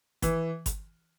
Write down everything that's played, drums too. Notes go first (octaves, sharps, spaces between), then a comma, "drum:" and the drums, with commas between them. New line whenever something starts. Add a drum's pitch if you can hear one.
E3, drum: kick G1, hi-hat
drum: kick G1, hi-hat